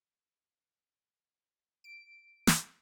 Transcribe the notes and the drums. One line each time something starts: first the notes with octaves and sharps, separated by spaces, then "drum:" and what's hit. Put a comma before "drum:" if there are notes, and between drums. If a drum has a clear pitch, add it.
D7
drum: snare